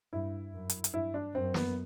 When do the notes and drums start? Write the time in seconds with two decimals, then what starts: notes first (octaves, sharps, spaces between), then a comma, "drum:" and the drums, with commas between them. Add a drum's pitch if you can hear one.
0.13 G2 E4
0.54 F#2
0.70 drum: hi-hat
0.84 drum: hi-hat
0.94 G2 E4
1.14 D4
1.34 F#2 C4
1.54 B3, drum: snare